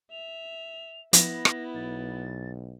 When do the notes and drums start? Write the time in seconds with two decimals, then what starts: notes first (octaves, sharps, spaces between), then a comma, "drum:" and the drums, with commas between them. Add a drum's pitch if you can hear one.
0.11 E5 F7
1.13 F3 B3 E4 A#6, drum: hi-hat
1.45 drum: rim click
1.75 B1 A6